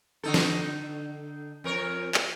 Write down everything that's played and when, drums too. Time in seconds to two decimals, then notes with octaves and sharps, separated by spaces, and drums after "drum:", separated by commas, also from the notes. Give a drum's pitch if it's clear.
0.23 D3 D#4 A4
0.34 drum: snare
1.64 F2 A#4 C#5
2.14 drum: clap